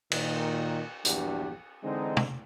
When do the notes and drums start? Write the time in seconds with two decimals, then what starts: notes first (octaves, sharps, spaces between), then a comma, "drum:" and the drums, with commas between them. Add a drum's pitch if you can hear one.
0.12 A#2 D#3, drum: cymbal
1.05 A#1 E2 G2 D4 F#4 G4, drum: hi-hat
1.83 D3 E3 G#3 C4 D#4
2.17 drum: tom